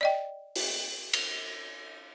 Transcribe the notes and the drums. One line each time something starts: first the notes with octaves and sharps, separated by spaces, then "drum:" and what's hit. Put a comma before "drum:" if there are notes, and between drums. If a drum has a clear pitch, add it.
D5 D#5 G5
drum: open hi-hat
drum: cymbal